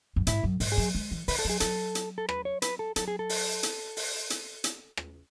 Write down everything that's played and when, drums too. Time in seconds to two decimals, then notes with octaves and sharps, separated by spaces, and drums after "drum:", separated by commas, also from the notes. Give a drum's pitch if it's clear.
0.16 F#2
0.27 G#2 E4, drum: hi-hat
0.44 F#2
0.60 G#2, drum: open hi-hat
0.72 G#4
0.77 F#3
0.95 G#3
1.11 E3
1.28 D3 B4, drum: open hi-hat
1.39 A4
1.45 F#3 G#4
1.60 F#3 A4, drum: hi-hat
1.95 drum: hi-hat
2.18 A4
2.29 B4, drum: rim click
2.45 C#5
2.62 B4, drum: hi-hat
2.79 A4
2.96 F#3 A4, drum: hi-hat
3.08 G#4
3.19 A4
3.29 drum: open hi-hat
3.63 drum: hi-hat
3.97 drum: open hi-hat
4.30 drum: hi-hat
4.64 drum: hi-hat
4.97 drum: rim click